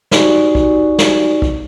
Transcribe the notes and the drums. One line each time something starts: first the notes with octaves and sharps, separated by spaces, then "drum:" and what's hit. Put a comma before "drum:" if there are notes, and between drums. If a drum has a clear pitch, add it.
D#4 F#4 G4 D5 G#5 C#6, drum: snare
drum: kick
drum: snare
drum: kick